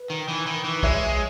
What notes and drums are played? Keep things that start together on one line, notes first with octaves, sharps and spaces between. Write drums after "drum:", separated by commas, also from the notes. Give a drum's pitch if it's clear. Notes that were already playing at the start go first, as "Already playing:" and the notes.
Already playing: B4
D#3
E3
D#3
E3
G#3 C#5 E5, drum: kick